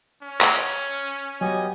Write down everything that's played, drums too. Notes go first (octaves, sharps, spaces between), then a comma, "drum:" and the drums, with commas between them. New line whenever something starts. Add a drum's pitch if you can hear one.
C#4
drum: clap
F#3 B3 G4 D#5 G#5